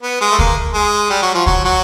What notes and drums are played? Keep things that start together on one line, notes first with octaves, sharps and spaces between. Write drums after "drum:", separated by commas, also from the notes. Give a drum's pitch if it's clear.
B3
G#3
A3
A#3, drum: kick
G#3
G3
F#3
F3
F#3, drum: kick
F#3